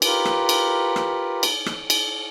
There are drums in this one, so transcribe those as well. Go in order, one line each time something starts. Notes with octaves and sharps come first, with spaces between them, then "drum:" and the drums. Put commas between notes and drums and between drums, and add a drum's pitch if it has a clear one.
F4 G4 A#4 B4, drum: cymbal
drum: rim click
drum: cymbal
drum: rim click
drum: cymbal
drum: rim click
drum: cymbal